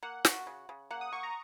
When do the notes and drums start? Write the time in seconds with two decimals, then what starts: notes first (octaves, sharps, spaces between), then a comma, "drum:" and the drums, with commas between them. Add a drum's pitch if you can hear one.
0.03 A#3 F#5
0.25 F#4, drum: snare
0.47 C#3
0.69 C#3
0.91 A#3 F#5
1.01 D#6
1.12 A#3 C#6
1.23 A#5